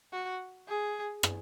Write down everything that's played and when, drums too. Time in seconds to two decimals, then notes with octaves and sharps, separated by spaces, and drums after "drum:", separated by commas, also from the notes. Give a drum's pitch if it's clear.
0.12 F#4
0.68 G#4
1.23 drum: rim click